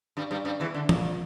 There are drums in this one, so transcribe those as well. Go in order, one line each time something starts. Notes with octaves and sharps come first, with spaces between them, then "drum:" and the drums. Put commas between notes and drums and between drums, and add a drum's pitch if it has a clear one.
G2 G3
G2 G3
G2 G3
E2 E3
D3
A#2, drum: tom